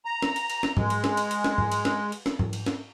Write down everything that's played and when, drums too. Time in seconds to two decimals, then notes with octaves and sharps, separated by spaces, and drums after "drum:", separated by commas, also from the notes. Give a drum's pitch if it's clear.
0.05 A#5
0.22 drum: snare
0.36 drum: cymbal
0.50 drum: cymbal
0.63 drum: snare
0.77 G#3, drum: tom G#2
0.90 drum: cymbal
1.04 drum: snare
1.17 drum: cymbal
1.31 drum: cymbal
1.44 drum: snare
1.58 drum: tom G#2
1.72 drum: cymbal
1.85 drum: snare
2.12 drum: cymbal
2.26 drum: snare
2.39 drum: tom G#2
2.53 drum: cymbal
2.66 drum: snare